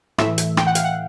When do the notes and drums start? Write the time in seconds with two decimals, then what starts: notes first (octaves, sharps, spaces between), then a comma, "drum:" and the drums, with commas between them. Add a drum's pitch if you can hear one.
0.18 A2 E3 A3 E5, drum: rim click
0.38 drum: hi-hat
0.57 G5, drum: rim click
0.67 F#5
0.75 F5, drum: hi-hat
0.84 F#5